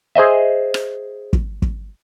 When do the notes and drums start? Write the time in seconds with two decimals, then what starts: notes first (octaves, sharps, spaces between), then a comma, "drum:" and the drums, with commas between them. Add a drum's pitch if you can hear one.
0.15 G#4 C5 D#5 E5
0.74 drum: rim click
1.33 drum: kick
1.62 drum: kick